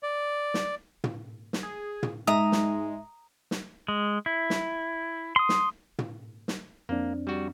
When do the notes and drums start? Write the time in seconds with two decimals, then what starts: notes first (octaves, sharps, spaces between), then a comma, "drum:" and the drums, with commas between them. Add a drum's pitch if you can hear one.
0.03 D5
0.54 drum: snare
1.04 drum: tom
1.53 drum: snare
1.63 G#4
2.03 drum: tom
2.27 G#2 G#3 E5 A#5 D#6
2.52 drum: snare
3.51 drum: snare
3.88 G#3
4.26 E4
4.50 drum: snare
5.36 C6 D#6
5.49 drum: snare
5.99 drum: tom
6.48 drum: snare
6.89 F2 A#3 C4 D4
7.27 G3 F#4